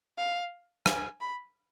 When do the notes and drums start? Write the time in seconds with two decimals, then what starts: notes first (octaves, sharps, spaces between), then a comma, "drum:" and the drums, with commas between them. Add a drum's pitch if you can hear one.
0.18 F5
0.86 G#5, drum: rim click
1.20 B5